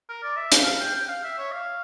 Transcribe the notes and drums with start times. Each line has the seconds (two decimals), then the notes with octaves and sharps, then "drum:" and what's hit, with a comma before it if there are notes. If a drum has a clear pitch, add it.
0.09 A#4
0.23 D5
0.37 E5
0.52 F5, drum: hi-hat
0.66 F5
0.80 G5
0.95 G5
1.09 F5
1.24 E5
1.38 C#5
1.52 F5